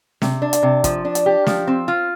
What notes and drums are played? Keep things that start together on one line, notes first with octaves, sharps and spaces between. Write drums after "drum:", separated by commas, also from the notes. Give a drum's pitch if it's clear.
C3, drum: snare
D4
drum: hi-hat
C3
F3, drum: kick, hi-hat
D4
drum: hi-hat
G4
F3, drum: snare
C4
F4